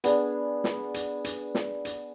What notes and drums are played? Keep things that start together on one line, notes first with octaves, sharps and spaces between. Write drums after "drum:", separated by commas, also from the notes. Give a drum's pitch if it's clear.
B3 D4 G#4, drum: hi-hat
drum: snare
drum: hi-hat
drum: hi-hat
drum: snare
drum: hi-hat